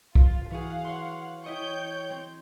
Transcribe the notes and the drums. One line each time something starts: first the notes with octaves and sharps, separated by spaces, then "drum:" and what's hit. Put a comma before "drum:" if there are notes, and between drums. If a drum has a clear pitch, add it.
F4, drum: kick C2
E3 F#4 G#4 F5 F#5
C#5 C6
E4 C#5 D#5 G5 C#6 G6
C4